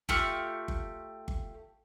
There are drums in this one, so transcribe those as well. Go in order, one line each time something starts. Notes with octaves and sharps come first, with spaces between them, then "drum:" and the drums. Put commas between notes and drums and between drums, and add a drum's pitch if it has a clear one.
A3 F4 G4 C#6, drum: kick G1
drum: kick G1
drum: kick G1